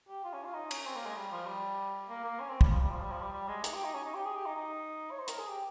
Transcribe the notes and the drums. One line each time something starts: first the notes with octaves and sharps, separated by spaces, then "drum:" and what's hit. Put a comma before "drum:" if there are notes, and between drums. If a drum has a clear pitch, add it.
G4
F4
C#4
F4
D#4
C#4, drum: cymbal
C4
A#3
G#3
G3
F3
G3
A#3
A#3
C#4
C4
G3, drum: kick
F3
G3
F3
G3
F3
G3
G3
G#3
D#4, drum: hi-hat
G4
D#4
C#4
D#4
G4
G#4
G4
D#4
D#4
C#5
C5
A#4, drum: hi-hat
G#4
G4